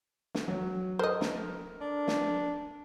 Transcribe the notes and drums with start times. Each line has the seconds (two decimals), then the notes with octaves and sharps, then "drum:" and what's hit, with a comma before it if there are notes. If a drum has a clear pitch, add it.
0.34 drum: snare
0.48 F#3
0.99 A4 A#4 C5 D#5
1.21 drum: snare
1.81 D4
2.08 drum: snare